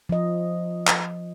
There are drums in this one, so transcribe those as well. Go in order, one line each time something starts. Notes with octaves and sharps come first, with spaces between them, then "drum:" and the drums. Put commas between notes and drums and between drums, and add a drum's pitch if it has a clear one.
F3 D#5
drum: clap